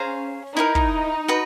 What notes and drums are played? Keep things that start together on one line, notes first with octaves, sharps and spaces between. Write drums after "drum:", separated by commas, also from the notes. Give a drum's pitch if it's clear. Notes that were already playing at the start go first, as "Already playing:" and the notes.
Already playing: C#4 G#4 C5 F5 A#5
D#4 E4 G4 A#4
drum: kick
F#4 B4 D#5